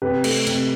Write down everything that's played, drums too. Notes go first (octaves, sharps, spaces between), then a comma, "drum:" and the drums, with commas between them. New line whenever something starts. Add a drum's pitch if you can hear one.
C3 G4 B4
A3, drum: cymbal
C3, drum: hi-hat